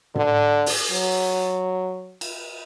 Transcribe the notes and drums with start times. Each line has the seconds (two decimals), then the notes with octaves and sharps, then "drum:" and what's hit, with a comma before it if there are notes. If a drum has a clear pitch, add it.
0.15 D3, drum: tom
0.66 drum: open hi-hat
0.91 F#3
2.21 drum: cymbal